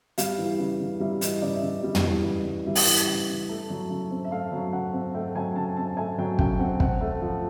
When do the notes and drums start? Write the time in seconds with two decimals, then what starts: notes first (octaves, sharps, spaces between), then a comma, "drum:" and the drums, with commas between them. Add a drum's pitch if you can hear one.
0.18 G3 F5, drum: hi-hat
0.39 E3
0.59 C#3
0.80 C#3
1.00 G3 E5
1.21 E3 D#5, drum: hi-hat
1.42 C#3 D5
1.56 E5
1.63 C#3 D#5
1.83 G3
1.95 drum: tom
2.04 E3
2.25 C#3
2.45 C#3
2.66 G3 E5
2.75 drum: open hi-hat
2.87 E3
3.08 C#3
3.29 C#3
3.49 A3
3.70 F#3
3.90 C#3
4.11 C4
4.24 E5
4.31 A3 F5
4.52 F#3
4.73 C#3 F#5
4.93 C4
5.14 A3 G5
5.35 F#3 G#5
5.56 C#3 A5
5.77 C4 A5
5.97 A3 G#5
6.18 F#3 G5
6.39 C#3 G5, drum: kick
6.59 C4 F#5
6.80 C4 F#5, drum: kick
7.01 A3
7.21 F3